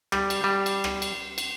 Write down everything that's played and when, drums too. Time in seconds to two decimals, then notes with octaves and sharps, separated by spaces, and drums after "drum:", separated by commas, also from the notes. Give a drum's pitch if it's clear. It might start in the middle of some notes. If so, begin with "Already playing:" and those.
0.12 G3, drum: rim click
0.30 drum: cymbal
0.44 G3
0.66 drum: cymbal
0.84 drum: rim click
1.02 drum: cymbal
1.38 drum: cymbal